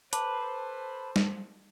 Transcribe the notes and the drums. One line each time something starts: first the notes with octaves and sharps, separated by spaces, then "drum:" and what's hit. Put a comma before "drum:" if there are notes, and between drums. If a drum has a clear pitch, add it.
A4 B4 C5 A5 D6, drum: hi-hat
drum: snare